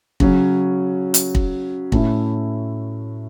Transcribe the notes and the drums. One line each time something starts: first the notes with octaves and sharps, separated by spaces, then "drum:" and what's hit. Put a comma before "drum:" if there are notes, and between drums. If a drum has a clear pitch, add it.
C#3 F#3 C#4, drum: kick
drum: hi-hat
drum: kick
A2 A3 C#4 E4, drum: kick